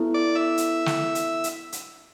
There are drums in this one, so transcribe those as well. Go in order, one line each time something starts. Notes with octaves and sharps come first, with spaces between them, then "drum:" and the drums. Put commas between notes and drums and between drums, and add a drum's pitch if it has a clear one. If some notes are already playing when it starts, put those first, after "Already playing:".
Already playing: B3 E4 A4
D5
E5
drum: hi-hat
drum: snare
drum: hi-hat
drum: hi-hat
drum: hi-hat